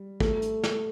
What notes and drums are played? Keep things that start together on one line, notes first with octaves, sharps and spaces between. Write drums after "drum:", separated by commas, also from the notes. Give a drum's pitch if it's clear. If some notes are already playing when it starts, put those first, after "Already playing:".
Already playing: G3
A3, drum: kick
drum: hi-hat
drum: snare